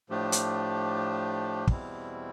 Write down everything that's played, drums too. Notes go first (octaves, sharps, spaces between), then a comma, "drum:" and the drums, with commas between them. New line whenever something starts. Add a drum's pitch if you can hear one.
A2 F3 A3 D4 G4
drum: hi-hat
E2 B2 G3 C4 E4, drum: kick